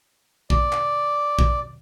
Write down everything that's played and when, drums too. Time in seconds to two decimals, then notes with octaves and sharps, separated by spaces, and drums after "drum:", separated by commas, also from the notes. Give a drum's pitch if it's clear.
0.50 D5, drum: kick
0.72 drum: clap
1.39 drum: kick